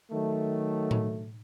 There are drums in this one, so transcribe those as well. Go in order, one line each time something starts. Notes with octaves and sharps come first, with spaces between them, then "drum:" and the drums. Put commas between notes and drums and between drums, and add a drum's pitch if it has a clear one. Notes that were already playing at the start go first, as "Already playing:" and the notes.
D#3 F#3 A3
drum: tom A2